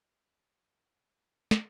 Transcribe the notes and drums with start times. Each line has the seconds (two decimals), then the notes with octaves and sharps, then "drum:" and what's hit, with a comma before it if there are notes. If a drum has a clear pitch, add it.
0.17 A3
0.44 A3
0.60 E5
0.71 C#3 F#5
1.51 drum: snare